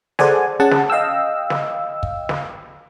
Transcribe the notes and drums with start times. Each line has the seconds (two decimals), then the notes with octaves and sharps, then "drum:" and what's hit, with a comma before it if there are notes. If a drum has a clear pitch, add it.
0.19 G#4 A4 C5 D5 F#5 G#5, drum: snare
0.60 C#4 G#4 F#5 A5
0.71 drum: snare
0.90 D#5 F5 G5 E6
1.50 drum: snare
2.03 drum: kick
2.29 drum: snare